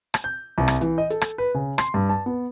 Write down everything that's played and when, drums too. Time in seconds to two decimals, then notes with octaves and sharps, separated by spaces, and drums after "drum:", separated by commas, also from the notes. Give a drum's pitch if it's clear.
0.14 drum: rim click
0.24 G6
0.58 C2
0.68 drum: rim click
0.81 E3, drum: hi-hat
0.98 D#5
1.10 A4, drum: hi-hat
1.21 drum: rim click
1.38 B4
1.55 C#3
1.78 C6, drum: rim click
1.94 G2
2.09 A5
2.26 B3